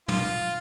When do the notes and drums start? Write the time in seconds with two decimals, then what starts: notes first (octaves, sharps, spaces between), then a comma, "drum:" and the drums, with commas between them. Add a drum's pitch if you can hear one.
0.08 F4, drum: tom